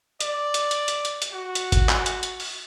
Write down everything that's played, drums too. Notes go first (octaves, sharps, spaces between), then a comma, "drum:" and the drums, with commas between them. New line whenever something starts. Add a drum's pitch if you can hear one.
D5, drum: hi-hat
drum: hi-hat
drum: hi-hat
drum: hi-hat
drum: hi-hat
drum: hi-hat
F#4
drum: hi-hat
drum: kick, hi-hat
drum: clap
drum: hi-hat
drum: hi-hat
drum: open hi-hat